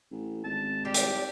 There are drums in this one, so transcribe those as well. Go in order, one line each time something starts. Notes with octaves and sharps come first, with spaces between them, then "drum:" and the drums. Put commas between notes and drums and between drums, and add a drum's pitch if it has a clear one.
A1
G#1 A5
G3 D4 G4
drum: hi-hat